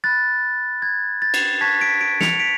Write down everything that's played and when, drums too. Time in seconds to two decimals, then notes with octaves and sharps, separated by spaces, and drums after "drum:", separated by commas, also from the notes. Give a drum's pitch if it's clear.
0.04 B5 F#6 A6
0.82 G#6
1.22 A6
1.34 drum: cymbal
1.61 A5 C#6 F#6 G#6 B6
1.81 B6 D7
2.01 B6 D7
2.20 C#7 F7, drum: snare
2.39 B6 D7